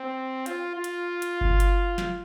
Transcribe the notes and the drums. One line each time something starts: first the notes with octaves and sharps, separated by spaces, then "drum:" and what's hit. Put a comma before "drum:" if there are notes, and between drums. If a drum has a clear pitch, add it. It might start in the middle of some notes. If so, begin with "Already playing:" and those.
Already playing: C4
F4, drum: hi-hat
F4
drum: hi-hat
drum: hi-hat
drum: kick G1
drum: hi-hat
drum: snare